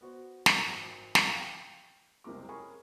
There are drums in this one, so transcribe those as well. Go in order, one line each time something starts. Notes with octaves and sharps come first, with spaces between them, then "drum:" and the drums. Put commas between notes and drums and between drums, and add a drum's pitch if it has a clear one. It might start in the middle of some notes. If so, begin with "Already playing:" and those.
B3 F#4 C5
G6, drum: snare
G#1
drum: snare
F5 G5
F#1 C2 C3 G#3 A#4 D6
C#4 G#4 A#4 G#5 B5 C#6